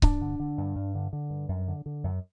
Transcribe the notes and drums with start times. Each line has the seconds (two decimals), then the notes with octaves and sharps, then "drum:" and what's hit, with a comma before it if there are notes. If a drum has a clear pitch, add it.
0.02 G2 D4, drum: kick C#1
0.22 D3
0.40 D3
0.58 G2
0.75 G2
0.95 D3
1.13 D3
1.30 G2
1.49 F#2
1.68 D3
1.86 D3
2.04 F#2